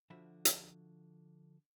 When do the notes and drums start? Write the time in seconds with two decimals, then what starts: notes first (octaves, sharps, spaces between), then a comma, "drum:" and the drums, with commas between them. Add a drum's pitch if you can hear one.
0.10 D3 F3 F#4 E5 B5
0.45 drum: hi-hat